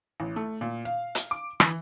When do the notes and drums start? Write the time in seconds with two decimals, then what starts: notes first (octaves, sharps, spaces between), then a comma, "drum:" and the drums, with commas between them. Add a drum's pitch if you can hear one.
0.20 A1
0.36 A3
0.61 A#2
0.85 F5
1.15 drum: hi-hat
1.31 D6
1.60 E3, drum: rim click